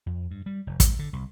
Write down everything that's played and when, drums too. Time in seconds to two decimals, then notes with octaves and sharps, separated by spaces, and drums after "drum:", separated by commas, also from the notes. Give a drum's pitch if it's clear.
0.06 F2
0.31 G2
0.46 G3
0.67 F1
0.80 G#2, drum: kick, hi-hat
0.99 D3
1.13 C2